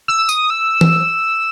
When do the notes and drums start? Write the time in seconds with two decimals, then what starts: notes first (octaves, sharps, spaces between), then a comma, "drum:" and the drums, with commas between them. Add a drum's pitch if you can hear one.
0.08 E6
0.29 D#6, drum: tambourine
0.50 E6
0.81 drum: tom E3